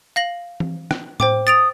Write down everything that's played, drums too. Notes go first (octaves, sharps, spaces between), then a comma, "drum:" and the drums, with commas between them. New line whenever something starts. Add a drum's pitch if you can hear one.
F5 A#6 F#7
drum: tom E3
drum: rim click
C5 G5 D6, drum: tom A2
D#6 A6 D7 F7